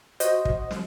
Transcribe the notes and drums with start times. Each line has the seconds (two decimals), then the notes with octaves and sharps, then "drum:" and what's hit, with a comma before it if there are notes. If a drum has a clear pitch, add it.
0.20 F#4 C5 D#5, drum: hi-hat
0.45 drum: kick
0.71 drum: snare